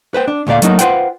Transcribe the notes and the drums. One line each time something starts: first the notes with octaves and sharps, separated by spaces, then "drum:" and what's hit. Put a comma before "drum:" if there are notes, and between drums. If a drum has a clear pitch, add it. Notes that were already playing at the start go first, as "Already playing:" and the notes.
B4 C5 G5
D4
D2 A#2 A3 D5 F5
F#3 A3 A#3 D#4 F4 F#4, drum: hi-hat
F4 B4 C5 F#5 G5, drum: hi-hat